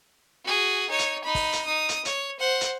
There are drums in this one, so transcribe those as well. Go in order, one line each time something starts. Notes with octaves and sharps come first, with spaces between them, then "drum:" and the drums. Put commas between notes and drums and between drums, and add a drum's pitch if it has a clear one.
F#4 G#4
D#4 C#5
drum: hi-hat
D#4 B5
drum: kick, open hi-hat
drum: hi-hat
D#4 D#6
drum: hi-hat
C#5, drum: hi-hat
C5 F#5
drum: hi-hat